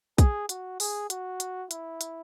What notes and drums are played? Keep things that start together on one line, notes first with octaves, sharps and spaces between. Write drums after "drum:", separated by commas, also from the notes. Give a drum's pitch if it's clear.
G#4, drum: kick, hi-hat
F#4, drum: hi-hat
G#4, drum: open hi-hat
F#4, drum: hi-hat
drum: hi-hat
E4, drum: hi-hat
drum: hi-hat